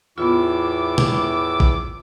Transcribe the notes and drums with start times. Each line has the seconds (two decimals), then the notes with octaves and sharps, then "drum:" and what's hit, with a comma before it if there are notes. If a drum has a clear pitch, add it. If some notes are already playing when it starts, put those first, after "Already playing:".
0.18 E2 A2 B3 F4 D6 E6
0.98 drum: tom
1.60 drum: kick